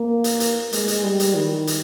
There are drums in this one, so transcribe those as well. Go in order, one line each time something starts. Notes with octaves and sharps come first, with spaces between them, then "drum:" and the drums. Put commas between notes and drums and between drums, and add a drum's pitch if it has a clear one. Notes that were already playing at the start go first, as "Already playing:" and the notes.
Already playing: A#3
drum: hi-hat
drum: hi-hat
G#3, drum: hi-hat
drum: hi-hat
G3
drum: hi-hat
D#3
drum: hi-hat